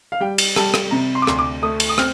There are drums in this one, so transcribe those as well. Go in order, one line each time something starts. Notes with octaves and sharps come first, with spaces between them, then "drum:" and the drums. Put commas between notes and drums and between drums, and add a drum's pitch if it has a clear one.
F5
G3 G5
drum: cymbal
G3 A5, drum: rim click
drum: rim click
C3 A#5
C6
D6
D2 C6, drum: rim click
D6
A3 D#6
drum: cymbal
D#6
C4 F6, drum: rim click